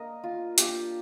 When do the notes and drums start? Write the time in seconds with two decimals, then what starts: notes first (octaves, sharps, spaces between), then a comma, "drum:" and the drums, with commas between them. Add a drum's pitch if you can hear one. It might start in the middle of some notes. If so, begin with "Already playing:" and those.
Already playing: A#3 D4 A#4 D#5
0.24 F4
0.58 A#3 D4 F4 G4, drum: hi-hat